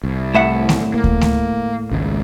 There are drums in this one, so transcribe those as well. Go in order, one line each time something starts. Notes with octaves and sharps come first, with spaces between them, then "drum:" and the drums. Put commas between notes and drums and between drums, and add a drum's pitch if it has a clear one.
C2
A2 E5 F#5
drum: snare A3
A#3
drum: kick D2
drum: snare A3
G#1 C#2